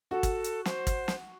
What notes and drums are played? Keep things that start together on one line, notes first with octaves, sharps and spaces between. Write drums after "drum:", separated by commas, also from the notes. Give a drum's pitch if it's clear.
F#4 A4
drum: kick G#1, hi-hat
drum: hi-hat
C5, drum: snare
drum: kick G#1, hi-hat
drum: snare